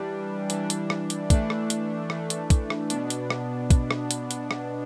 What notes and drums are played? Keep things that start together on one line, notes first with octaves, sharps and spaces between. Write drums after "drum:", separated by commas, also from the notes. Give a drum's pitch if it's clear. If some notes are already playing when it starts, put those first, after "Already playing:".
Already playing: E3 G3 D4
E3 G3 D4, drum: hi-hat
drum: hi-hat
drum: rim click
drum: hi-hat
E3 A3 D4, drum: kick, hi-hat
drum: rim click
drum: hi-hat
E3 A3 D4, drum: rim click
drum: hi-hat
drum: kick, hi-hat
drum: rim click
B2 B3 D4, drum: hi-hat
drum: hi-hat
drum: rim click
drum: kick, hi-hat
drum: rim click
drum: hi-hat
drum: hi-hat
drum: rim click